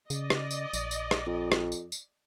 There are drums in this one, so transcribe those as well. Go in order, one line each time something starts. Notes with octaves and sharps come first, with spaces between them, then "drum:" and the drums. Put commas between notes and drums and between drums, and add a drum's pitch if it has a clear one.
C#3 D5 D#5, drum: tambourine
drum: rim click
drum: tambourine
A#1, drum: tambourine
drum: tambourine
drum: rim click
F2
drum: rim click
drum: tambourine
drum: tambourine